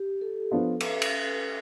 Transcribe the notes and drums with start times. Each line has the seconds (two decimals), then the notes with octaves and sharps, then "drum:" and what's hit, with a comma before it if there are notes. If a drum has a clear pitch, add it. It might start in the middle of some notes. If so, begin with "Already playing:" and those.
Already playing: G4
0.21 A4
0.51 F3 B3 D4 F4
0.80 B4, drum: cymbal
1.02 drum: cymbal